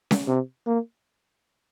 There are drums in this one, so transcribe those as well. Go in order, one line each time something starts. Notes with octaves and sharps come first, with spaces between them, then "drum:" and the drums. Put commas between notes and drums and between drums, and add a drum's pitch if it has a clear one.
drum: snare C#4
C3
A#3